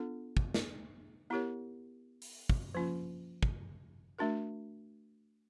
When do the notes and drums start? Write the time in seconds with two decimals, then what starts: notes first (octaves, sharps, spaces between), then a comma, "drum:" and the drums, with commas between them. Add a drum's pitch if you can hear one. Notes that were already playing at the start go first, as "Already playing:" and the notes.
Already playing: B3 D4 F4 A4
0.37 drum: kick
0.54 drum: snare
1.30 B3 E4 G4 A#4 C#5
2.22 drum: open hi-hat
2.49 drum: kick
2.74 F3 A#3 C#4 F4
3.43 drum: kick
4.19 A3 D4 F#4 A#4